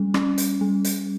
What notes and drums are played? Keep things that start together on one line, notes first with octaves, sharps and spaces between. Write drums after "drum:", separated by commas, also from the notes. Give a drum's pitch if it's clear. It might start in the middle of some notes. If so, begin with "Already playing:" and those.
Already playing: G3 C#4
C#4, drum: rim click
drum: hi-hat
G3
drum: hi-hat